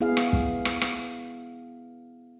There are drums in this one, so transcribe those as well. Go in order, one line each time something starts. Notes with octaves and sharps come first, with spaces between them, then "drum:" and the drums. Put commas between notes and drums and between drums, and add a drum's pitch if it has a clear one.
B3 E4 G#4 F5
drum: rim click
drum: kick
drum: rim click
drum: rim click